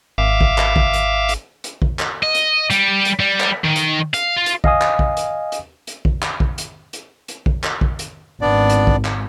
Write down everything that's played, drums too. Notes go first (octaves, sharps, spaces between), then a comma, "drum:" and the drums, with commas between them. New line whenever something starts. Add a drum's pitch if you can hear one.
G#1 E5 F5 D6
drum: kick
drum: clap
drum: kick
drum: hi-hat
drum: hi-hat
drum: hi-hat
drum: kick
drum: clap
D#5
drum: hi-hat
G3, drum: hi-hat
drum: hi-hat
G3
drum: clap
D#3
drum: hi-hat
F5, drum: hi-hat
F4
drum: hi-hat
D#5 F5 G#5 D#6, drum: kick
drum: clap
drum: kick
drum: hi-hat
drum: hi-hat
drum: hi-hat
drum: kick
drum: clap
drum: kick
drum: hi-hat
drum: hi-hat
drum: hi-hat
drum: kick
drum: clap
drum: kick
drum: hi-hat
G#1 B3 D4 D5
drum: hi-hat
drum: kick
drum: clap